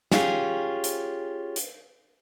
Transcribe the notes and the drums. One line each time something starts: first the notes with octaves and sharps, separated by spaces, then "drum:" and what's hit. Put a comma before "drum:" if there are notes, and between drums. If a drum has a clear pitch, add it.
C#4 F4 G4 G#4, drum: snare
drum: hi-hat
drum: hi-hat